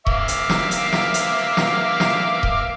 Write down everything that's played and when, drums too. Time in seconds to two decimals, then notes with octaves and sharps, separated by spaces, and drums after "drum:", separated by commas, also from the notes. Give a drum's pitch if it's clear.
0.07 E5 F5 D6, drum: kick D#1
0.28 drum: hi-hat
0.49 drum: snare
0.71 drum: hi-hat
0.92 drum: snare
1.14 drum: hi-hat
1.57 drum: snare
2.00 drum: snare
2.43 drum: kick D#1